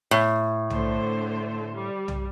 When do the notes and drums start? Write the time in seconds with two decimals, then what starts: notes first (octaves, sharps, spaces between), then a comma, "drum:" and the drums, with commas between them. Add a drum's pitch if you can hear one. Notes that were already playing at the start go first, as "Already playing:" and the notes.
0.11 A2
0.70 D3 A3 C5, drum: tom
1.74 G3
2.08 drum: tom